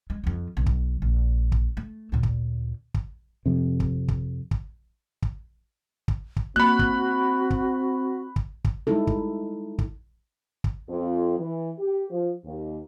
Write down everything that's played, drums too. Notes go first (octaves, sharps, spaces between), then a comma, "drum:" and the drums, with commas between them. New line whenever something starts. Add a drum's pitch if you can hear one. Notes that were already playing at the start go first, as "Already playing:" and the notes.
G#3
F2 F3
B1 F#3
drum: kick
A#1
drum: kick
A3
D2 A#2
drum: kick
drum: kick
F2 C3
drum: kick
drum: kick
drum: kick
drum: kick
drum: kick
drum: kick
A#3 C4 F#4 B5 F#6
drum: kick
drum: kick
drum: kick
drum: kick
G3 G#3 D#4 E4 A4
drum: kick
drum: kick
drum: kick
F2
E3
G4
F3
D#2